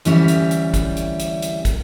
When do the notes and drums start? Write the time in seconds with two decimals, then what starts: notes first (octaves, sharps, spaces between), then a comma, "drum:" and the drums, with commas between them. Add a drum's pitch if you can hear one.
0.05 D2 E3 G3 C#4 E5, drum: hi-hat
0.28 drum: hi-hat
0.51 drum: hi-hat
0.74 drum: kick, hi-hat
0.96 drum: hi-hat
1.19 drum: hi-hat
1.42 drum: hi-hat
1.65 drum: kick, hi-hat